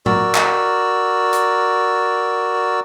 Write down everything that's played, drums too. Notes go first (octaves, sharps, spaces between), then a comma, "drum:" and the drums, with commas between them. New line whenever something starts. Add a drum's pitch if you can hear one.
F#4 A#4 D5 E6, drum: tom A2
drum: clap
drum: hi-hat